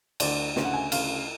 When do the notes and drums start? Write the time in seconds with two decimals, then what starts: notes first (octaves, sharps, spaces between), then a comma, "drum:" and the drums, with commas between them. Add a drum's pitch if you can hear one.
0.20 D2 D3 D5, drum: cymbal
0.56 D2 C#3, drum: snare
0.65 F#5
0.74 G#5
0.92 D2 C#3 F5, drum: cymbal